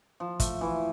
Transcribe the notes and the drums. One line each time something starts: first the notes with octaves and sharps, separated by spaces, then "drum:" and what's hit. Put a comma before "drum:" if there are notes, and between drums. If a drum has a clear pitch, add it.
F3
A3, drum: kick, hi-hat
E3